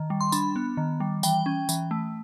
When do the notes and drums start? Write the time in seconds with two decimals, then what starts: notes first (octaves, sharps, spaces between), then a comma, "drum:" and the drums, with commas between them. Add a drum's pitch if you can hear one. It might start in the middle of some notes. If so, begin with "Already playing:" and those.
Already playing: D#3
0.10 G3
0.21 C6
0.32 D4 B5, drum: tambourine
0.56 B3
0.77 D#3
1.00 G3
1.23 E3 G5, drum: tambourine
1.46 C#4
1.69 E3, drum: tambourine
1.91 A3